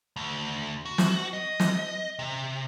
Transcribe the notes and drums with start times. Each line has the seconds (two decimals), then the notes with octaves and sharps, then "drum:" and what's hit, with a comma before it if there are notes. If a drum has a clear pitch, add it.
0.16 D2
0.85 F#4
0.98 drum: snare
1.33 D#5
1.60 drum: snare
2.19 C3